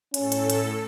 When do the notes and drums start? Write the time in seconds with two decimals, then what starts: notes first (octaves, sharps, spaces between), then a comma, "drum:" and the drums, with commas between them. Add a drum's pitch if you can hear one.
0.14 A2 C#4 A4, drum: hi-hat
0.32 drum: hi-hat
0.50 drum: hi-hat